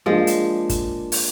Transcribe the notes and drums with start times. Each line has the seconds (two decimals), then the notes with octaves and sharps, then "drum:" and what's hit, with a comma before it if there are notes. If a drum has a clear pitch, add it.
0.06 F3 G#3 A#3 D4 G#4
0.27 drum: hi-hat
0.69 drum: kick, hi-hat
1.12 drum: open hi-hat